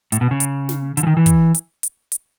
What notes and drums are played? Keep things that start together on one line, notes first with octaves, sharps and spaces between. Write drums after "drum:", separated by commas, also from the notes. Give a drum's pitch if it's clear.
A2, drum: hi-hat
B2
C#3
drum: hi-hat
drum: snare
D3, drum: hi-hat
E3
D#3
E3
drum: kick, hi-hat
drum: hi-hat
drum: hi-hat
drum: hi-hat